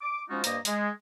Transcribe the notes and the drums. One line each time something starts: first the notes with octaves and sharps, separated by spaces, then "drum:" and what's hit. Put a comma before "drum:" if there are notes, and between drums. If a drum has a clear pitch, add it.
D6
F3 G#3 C#4 D#4 F4 F#4
G2 A#3 C5 D#5 A#5, drum: hi-hat
G#3, drum: hi-hat